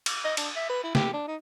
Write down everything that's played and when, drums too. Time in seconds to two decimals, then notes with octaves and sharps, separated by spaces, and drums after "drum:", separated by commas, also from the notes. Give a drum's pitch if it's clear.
0.06 drum: cymbal
0.25 D#5
0.37 D4, drum: cymbal
0.56 E5
0.69 B4
0.83 E4
0.95 G4, drum: snare
1.13 D4
1.28 D#4